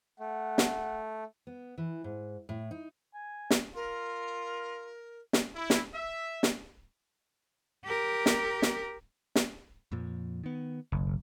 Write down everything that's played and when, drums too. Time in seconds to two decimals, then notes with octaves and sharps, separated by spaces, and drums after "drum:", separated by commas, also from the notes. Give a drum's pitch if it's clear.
0.20 A3 F#5
0.58 drum: snare
1.47 B3
1.78 E3
2.04 G#2
2.49 A2
2.71 D#4
3.14 G#5
3.51 drum: snare
3.75 F4 A#4
5.33 drum: snare
5.55 E4
5.70 drum: snare
5.94 E5
6.43 drum: snare
7.84 G4 A#4
8.26 drum: snare
8.62 drum: snare
9.36 drum: snare
9.92 F2 A#2 F3
10.44 D#3 B3
10.92 F#1 B1